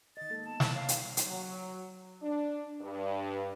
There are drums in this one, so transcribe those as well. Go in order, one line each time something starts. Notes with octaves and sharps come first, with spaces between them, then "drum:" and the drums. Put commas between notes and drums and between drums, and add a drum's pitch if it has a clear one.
D#3 D#5 A6
G#3 A#3 A4
A#3 B3 A5
G3 A#4, drum: snare
A#3 C#5 F5
A#4, drum: hi-hat
drum: hi-hat
F#3
D4
G2